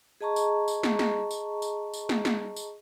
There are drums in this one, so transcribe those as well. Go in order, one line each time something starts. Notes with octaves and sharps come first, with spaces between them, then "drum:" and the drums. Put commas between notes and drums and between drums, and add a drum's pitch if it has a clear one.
G#4 D#5 A5 A#5 C#6
drum: tambourine
drum: tambourine
drum: snare
drum: snare
drum: tambourine
drum: tambourine
drum: tambourine
drum: snare
drum: snare
drum: tambourine